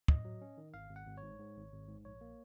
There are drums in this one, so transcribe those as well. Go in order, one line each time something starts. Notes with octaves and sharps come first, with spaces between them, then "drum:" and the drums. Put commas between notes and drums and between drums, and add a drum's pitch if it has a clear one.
F#2 D#5, drum: kick
F#3
C#4
D#3
G#1 F5
G#1
F#5
G#1
C#5
G#2
G#2
G#1
G#1
G#2
A#1 C#5
A#3